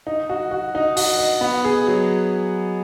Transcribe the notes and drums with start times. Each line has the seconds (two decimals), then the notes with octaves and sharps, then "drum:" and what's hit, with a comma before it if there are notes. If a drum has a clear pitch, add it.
0.07 D#4
0.29 F#4
0.51 F#4
0.75 D#4
0.96 F#4, drum: open hi-hat
1.19 D#5
1.41 B3
1.65 G#4
1.87 F#3